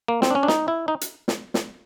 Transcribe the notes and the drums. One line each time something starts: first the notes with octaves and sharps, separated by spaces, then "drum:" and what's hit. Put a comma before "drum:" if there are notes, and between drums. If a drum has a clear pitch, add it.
A#3
C4, drum: snare
D4
C#4
D4
D#4, drum: snare
E4
D#4
drum: hi-hat
drum: snare
drum: snare